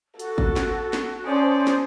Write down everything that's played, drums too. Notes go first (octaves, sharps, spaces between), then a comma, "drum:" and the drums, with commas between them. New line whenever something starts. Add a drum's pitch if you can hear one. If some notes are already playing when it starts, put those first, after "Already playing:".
F#4 A4, drum: hi-hat
drum: kick
drum: snare
drum: snare
C#4 C5 D5 A5 D#6
drum: snare